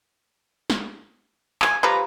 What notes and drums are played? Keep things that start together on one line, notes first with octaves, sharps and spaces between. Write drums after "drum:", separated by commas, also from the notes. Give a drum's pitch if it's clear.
drum: snare
G#5, drum: clap
F3 G3 B4 A#5